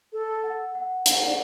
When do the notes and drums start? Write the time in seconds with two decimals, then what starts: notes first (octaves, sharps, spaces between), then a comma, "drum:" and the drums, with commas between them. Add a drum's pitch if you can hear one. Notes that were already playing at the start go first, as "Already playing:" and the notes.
0.13 A4
0.44 F#5
0.75 F#5
1.06 F#5, drum: hi-hat
1.26 D5